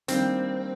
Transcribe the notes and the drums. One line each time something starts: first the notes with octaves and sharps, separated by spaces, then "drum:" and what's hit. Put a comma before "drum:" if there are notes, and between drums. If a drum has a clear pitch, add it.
D#3 G3 A#3 C4 D4, drum: hi-hat